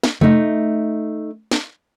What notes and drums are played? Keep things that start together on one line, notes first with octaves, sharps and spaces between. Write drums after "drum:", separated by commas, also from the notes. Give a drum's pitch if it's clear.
drum: snare
A3 D#4, drum: tom C3
drum: snare